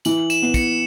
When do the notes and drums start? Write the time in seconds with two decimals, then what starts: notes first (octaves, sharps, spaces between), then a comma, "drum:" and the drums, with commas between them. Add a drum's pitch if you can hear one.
0.05 E3 F#7, drum: tambourine
0.30 E7, drum: tambourine
0.42 B3
0.54 C#7, drum: kick, tambourine